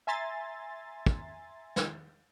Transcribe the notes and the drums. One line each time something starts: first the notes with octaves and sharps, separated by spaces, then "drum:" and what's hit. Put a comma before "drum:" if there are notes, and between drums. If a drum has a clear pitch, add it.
E5 G#5 A#5 C6 A6
drum: kick
drum: snare